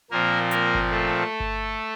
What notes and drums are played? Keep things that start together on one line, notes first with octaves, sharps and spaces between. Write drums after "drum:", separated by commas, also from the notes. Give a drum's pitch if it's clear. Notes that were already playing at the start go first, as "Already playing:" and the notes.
A#2 F3 A#3 C4 A#4
A#3 A#4, drum: hi-hat
drum: kick G1
A3 A4
drum: kick G1